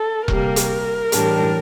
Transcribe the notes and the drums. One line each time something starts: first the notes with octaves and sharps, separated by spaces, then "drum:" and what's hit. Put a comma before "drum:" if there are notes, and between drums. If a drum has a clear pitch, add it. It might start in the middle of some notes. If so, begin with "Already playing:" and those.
Already playing: A4
C3 G3 A#3 A#4, drum: kick E1
drum: hi-hat
A2 E3 G3 D4, drum: hi-hat